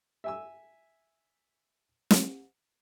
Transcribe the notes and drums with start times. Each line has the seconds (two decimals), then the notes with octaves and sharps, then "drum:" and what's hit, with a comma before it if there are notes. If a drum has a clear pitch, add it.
0.24 E5 G#5 E6
2.11 drum: snare